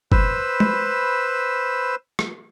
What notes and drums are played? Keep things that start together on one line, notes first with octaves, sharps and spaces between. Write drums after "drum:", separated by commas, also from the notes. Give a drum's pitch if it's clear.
B4 C5 B5 E6, drum: kick F#1
drum: tom G#3
drum: rim click